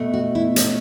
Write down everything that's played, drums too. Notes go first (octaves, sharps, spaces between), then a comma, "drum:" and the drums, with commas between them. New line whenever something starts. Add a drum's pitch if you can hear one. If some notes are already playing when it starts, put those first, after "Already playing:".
Already playing: B2 A3
F#4
E4
C#4, drum: hi-hat